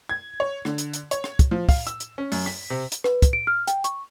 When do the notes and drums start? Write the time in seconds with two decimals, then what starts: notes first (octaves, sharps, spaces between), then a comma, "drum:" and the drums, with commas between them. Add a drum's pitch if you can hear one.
0.09 G#6
0.40 C#5
0.65 D3, drum: rim click
0.78 drum: hi-hat
0.93 drum: hi-hat
1.11 C#5, drum: hi-hat
1.24 drum: rim click
1.39 drum: kick, hi-hat
1.51 F3
1.69 F5, drum: kick, open hi-hat
1.87 E6, drum: hi-hat
2.00 drum: hi-hat
2.18 C#4
2.32 F#2, drum: open hi-hat
2.46 B6, drum: rim click
2.70 C3
2.92 drum: hi-hat
3.04 B4, drum: rim click
3.22 drum: kick, hi-hat
3.33 D7
3.47 F6
3.67 G5, drum: hi-hat
3.84 C#6, drum: hi-hat